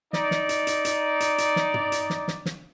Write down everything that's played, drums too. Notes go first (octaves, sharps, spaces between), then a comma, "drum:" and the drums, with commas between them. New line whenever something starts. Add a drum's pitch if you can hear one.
D#4 D5, drum: snare
drum: snare
drum: hi-hat
drum: hi-hat
drum: hi-hat
drum: hi-hat
drum: hi-hat
drum: snare
drum: tom
drum: hi-hat
drum: snare
drum: snare
drum: snare